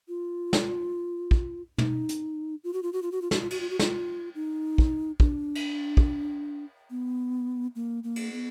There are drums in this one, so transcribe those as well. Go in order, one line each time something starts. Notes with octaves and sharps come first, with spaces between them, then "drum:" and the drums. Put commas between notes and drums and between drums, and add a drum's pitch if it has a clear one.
F4
drum: snare
drum: kick
D#4, drum: tom
drum: hi-hat
F4
F#4
F4
F#4
F4
F#4
F4
F#4, drum: snare
F4
F#4, drum: cymbal
F4
F#4
F4, drum: snare
D#4
drum: kick
D4, drum: kick
drum: cymbal
drum: kick
B3
A#3
A#3
drum: cymbal
B3